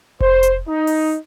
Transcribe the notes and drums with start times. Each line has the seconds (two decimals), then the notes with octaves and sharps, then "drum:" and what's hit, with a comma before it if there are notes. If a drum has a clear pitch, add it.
0.20 C5, drum: kick F1
0.43 drum: hi-hat
0.68 D#4
0.87 drum: open hi-hat